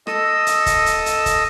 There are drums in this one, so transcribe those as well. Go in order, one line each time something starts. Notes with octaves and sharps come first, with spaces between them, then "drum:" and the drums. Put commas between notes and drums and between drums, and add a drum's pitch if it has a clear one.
A4 D#5 D#6 E6, drum: rim click
drum: hi-hat
drum: kick, hi-hat
drum: hi-hat
drum: hi-hat
drum: kick, hi-hat